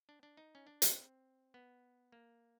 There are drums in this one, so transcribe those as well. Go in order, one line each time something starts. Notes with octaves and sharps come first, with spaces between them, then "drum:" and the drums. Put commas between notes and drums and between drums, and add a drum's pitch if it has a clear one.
D4
D4
D#4
C#4
D4
C4, drum: hi-hat
B3
A#3